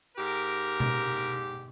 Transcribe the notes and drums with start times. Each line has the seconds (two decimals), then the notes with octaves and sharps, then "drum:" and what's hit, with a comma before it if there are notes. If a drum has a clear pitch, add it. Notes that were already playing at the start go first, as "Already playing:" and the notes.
0.17 G#2 G4 A#4
0.80 drum: tom B2